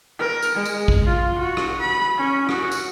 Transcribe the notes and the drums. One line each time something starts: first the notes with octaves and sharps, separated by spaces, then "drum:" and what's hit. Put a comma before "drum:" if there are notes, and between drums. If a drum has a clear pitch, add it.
A#4
drum: tambourine
G#3
drum: tambourine
drum: kick A#1
F4
F#4
drum: rim click
B5
C#4
F#4, drum: rim click
drum: tambourine